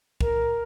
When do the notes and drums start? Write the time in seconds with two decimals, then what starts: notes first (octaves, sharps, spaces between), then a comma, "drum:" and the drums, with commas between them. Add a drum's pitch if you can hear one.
0.21 A#4, drum: kick